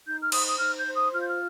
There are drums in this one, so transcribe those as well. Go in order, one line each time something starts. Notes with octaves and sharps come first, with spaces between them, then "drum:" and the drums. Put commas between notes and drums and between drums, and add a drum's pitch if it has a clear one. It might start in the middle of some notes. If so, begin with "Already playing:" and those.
D#4 G6
F6
C5 D#6, drum: cymbal
D#6
D#4 F6
G6
C5
D#6
F4 F6
G6
F6